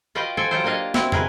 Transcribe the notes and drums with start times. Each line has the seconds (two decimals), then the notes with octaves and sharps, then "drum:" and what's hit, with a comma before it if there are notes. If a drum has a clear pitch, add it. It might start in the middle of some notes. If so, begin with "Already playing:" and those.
0.15 F4 F#4 B4 D#5 F5 G5
0.37 A4 C5 G5 G#5
0.51 F#3 F4 G4 A4 C5
0.64 A#3 D4 C#5 D#5 F5
0.94 C4 E4 F#4, drum: snare
1.12 G#4 A#4 B4 D#5, drum: tom